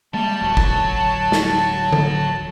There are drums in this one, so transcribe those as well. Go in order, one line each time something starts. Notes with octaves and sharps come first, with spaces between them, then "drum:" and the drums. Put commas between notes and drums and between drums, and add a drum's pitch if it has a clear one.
G3 G#3 A#3 A5
D1 F#3 F#4
drum: kick G1
drum: snare
drum: tom D3